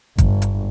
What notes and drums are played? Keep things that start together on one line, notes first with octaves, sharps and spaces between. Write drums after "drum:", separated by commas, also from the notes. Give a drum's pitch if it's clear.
G1, drum: kick G#1, hi-hat
drum: hi-hat